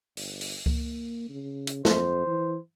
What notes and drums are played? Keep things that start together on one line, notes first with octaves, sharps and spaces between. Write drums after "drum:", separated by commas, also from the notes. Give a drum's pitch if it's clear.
G1, drum: open hi-hat
drum: open hi-hat
A#3, drum: kick C#2
C#3
drum: hi-hat
F2 C5, drum: snare
E3